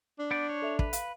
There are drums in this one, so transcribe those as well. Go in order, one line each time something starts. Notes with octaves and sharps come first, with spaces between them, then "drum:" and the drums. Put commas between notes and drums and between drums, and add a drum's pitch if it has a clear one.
D4
B3 D5 G6
C#5
A4 E5 F7
B4, drum: kick
F5, drum: hi-hat